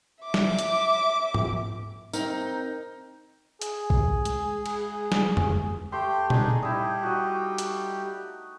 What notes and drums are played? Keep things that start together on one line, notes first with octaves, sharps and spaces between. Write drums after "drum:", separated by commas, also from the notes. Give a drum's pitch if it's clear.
E5 D6
drum: snare
drum: hi-hat
drum: tom G#2
C4 D#4 A#4, drum: tambourine
G#4, drum: hi-hat
drum: kick A#1
G#3, drum: hi-hat
drum: cymbal
drum: snare
drum: tom F2
A3 G4 C6
D4 D#4 G#4, drum: tom A#2
G3 D#4 E4 G4
F#4 D#5
drum: hi-hat